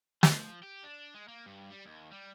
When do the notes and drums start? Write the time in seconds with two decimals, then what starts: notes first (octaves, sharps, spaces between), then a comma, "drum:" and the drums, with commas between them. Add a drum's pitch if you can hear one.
0.23 F3, drum: snare
0.63 G4
0.83 D4
1.14 G#3
1.28 A#3
1.46 G2
1.71 G3
1.86 D#2
2.13 G3